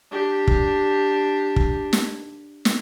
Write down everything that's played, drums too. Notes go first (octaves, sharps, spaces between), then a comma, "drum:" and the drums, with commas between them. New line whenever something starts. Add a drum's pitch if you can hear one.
D4 G4
drum: kick
drum: kick
drum: snare
drum: snare